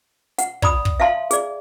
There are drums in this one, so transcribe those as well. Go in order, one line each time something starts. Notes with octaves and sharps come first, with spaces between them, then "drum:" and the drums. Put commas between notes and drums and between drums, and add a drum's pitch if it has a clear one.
F#5, drum: hi-hat
D5 B5 D#6, drum: kick
drum: kick
E5 F5 A5 C6
G#4 D5, drum: hi-hat